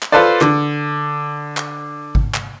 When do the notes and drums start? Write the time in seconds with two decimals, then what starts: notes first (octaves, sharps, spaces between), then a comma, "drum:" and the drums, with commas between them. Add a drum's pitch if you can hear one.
0.02 drum: clap
0.12 F4 A4 B4 C5 D5
0.41 D3, drum: clap
1.57 drum: clap
2.15 drum: kick G#1
2.34 drum: clap